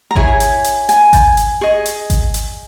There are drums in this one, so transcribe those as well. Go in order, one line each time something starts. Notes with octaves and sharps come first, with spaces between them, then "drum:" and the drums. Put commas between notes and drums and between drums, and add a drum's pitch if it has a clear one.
A#5
E4 G#4 C#5 G#5, drum: kick G#1
drum: hi-hat
drum: hi-hat
G#5, drum: hi-hat
drum: kick G#1, hi-hat
drum: hi-hat
G#4 D#5 C#6
drum: hi-hat
drum: kick G#1, hi-hat
drum: hi-hat